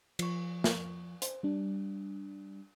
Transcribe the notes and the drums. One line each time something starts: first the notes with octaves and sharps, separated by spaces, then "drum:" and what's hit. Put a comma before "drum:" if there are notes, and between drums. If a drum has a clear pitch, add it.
F3 C#6, drum: cymbal
drum: snare
C5, drum: hi-hat
G3 D4